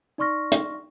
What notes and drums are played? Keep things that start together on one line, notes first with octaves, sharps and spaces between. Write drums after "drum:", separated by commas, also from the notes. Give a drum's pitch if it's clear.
D#4 D5 C6 C#6 F6 A#6
drum: hi-hat